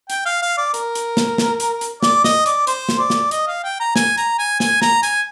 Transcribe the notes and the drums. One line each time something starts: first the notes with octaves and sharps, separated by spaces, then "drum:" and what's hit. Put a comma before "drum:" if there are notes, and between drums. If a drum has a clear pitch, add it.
G5, drum: hi-hat
F5
F5
D5
A#4, drum: hi-hat
drum: hi-hat
drum: snare
drum: snare
drum: hi-hat
drum: hi-hat
D5, drum: snare
D#5, drum: snare
D5, drum: hi-hat
C5, drum: hi-hat
drum: snare
D5
drum: snare
D#5, drum: hi-hat
F5
G5
A#5
G#5, drum: snare
A#5, drum: hi-hat
G#5
G#5, drum: snare
A#5, drum: snare
G#5, drum: hi-hat